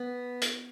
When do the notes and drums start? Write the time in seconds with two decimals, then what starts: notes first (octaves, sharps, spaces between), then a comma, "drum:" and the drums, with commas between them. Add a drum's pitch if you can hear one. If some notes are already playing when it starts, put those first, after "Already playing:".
Already playing: B3
0.41 drum: hi-hat